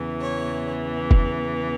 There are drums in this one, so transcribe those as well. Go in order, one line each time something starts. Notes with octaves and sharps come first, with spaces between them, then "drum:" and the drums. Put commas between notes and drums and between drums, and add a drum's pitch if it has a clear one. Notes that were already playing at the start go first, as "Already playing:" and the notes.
Already playing: E2 C#3 E3
C#5
drum: kick